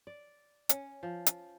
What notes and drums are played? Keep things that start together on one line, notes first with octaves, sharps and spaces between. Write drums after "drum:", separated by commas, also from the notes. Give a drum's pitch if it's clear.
D5
C#4, drum: hi-hat
F3
drum: hi-hat